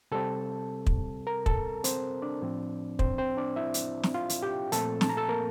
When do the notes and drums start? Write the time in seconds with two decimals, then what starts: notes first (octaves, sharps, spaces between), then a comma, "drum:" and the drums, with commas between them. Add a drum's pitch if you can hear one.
0.11 C3 G3 C4 A4 A5
0.87 drum: kick
1.27 A#4 A#5
1.46 A4 A5, drum: kick
1.84 C4 C5, drum: hi-hat
2.22 D4 D5
2.42 A2 F3 C4
2.99 C4 C5, drum: kick
3.18 C4 C5
3.37 D4 D5
3.56 E4 E5
3.74 drum: hi-hat
4.03 drum: snare
4.14 F4 F5
4.30 drum: hi-hat
4.43 G4 G5
4.72 A#2 F3 A3 C4 A4 A5, drum: hi-hat
5.01 A5, drum: snare
5.09 A#5
5.17 A4 A5
5.29 A#3 A#4